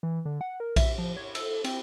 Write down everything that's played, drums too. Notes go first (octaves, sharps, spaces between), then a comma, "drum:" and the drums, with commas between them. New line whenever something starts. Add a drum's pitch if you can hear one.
E3
D3
F#5
A#4
E5, drum: kick A#1, cymbal
F3
C#5
A4, drum: cymbal
C4, drum: cymbal